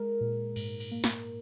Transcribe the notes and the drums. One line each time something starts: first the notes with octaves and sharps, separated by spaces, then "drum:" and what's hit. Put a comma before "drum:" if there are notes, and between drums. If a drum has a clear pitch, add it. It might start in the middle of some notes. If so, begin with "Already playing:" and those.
Already playing: G#3 A#4
A#2
G#2, drum: cymbal
drum: cymbal
A#3
drum: snare